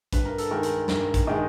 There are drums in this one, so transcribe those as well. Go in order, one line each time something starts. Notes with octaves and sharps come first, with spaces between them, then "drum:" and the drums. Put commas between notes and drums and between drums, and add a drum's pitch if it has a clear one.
G2 B4, drum: kick, hi-hat
A#4
A4, drum: hi-hat
D#3 G#3 A#4
drum: hi-hat
G2 A#4, drum: snare
drum: kick, hi-hat
D#3 G#3 D#5